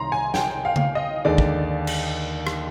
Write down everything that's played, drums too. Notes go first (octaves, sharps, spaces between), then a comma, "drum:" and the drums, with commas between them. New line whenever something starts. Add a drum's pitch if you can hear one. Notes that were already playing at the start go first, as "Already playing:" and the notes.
Already playing: C2 C3 D#3 A#5 C6
G#5
G5, drum: snare
F5
drum: tom C#3
D#5
D#2 D3 G#3 D#4 D5
drum: kick
drum: cymbal
drum: rim click